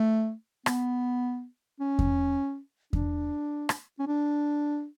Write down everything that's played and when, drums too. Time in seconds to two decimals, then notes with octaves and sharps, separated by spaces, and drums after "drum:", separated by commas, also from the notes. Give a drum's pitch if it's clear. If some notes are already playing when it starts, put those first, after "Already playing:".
Already playing: A3
0.66 B3, drum: rim click
1.80 C#4
1.99 drum: kick E2
2.93 D4, drum: kick E2
3.69 drum: rim click
3.99 C#4
4.07 D4